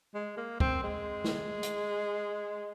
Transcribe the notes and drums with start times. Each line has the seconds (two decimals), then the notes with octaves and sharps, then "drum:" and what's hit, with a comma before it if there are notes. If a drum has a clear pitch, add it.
0.15 G#3
0.38 A#3
0.60 C4, drum: kick
0.84 G#3
1.24 drum: snare
1.63 drum: hi-hat